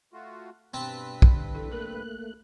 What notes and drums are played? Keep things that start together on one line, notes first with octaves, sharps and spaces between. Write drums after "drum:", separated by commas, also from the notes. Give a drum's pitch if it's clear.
A3 F4 F#4
G2 B2 C4 B4 A5
drum: kick
D3 E3 A4
A3 A#3 A#4 F#6